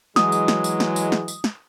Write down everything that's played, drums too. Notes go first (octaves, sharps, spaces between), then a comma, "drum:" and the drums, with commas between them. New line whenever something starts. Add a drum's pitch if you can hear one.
E3 F#3 G#3 D#6, drum: snare
drum: tambourine
drum: snare
drum: tambourine
drum: snare
drum: tambourine
drum: snare
drum: tambourine
drum: snare